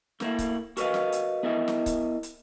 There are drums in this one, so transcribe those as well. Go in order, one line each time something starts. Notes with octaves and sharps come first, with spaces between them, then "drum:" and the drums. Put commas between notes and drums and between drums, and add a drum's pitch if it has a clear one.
A3 A#3 E4, drum: snare
drum: kick C#1, hi-hat
F#4 A#4 B4 D5 D#5 F5, drum: hi-hat
drum: snare
drum: hi-hat
B3 E4 A#4 D#5 E5
drum: snare
drum: kick C#1, hi-hat
drum: hi-hat